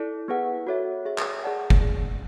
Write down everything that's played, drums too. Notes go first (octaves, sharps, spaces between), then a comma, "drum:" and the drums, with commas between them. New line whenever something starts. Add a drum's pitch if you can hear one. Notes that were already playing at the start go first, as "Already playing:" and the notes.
Already playing: E4 A4 D5
B3 E4 G#4 B4 F#5
F#4 A4 C#5 E5
G#4 C#5 E5
drum: clap
G#4 D5 F#5 A5
drum: kick F#1
G#4